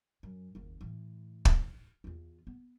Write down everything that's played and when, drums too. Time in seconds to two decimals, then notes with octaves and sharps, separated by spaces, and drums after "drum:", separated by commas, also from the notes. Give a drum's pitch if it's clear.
0.23 F#2
0.55 F#1 D#2
0.81 A2 E3
1.45 drum: kick
2.04 E2 F4
2.47 B3